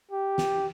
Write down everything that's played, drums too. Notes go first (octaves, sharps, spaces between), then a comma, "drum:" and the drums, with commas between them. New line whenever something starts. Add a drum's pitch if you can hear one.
G4
drum: snare